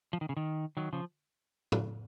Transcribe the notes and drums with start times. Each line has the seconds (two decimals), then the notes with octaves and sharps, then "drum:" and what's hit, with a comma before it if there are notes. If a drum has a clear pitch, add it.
0.13 F3
0.21 D#3
0.29 C#3
0.37 D#3
0.77 D#3 F#3
0.93 C#3 F3
1.72 drum: tom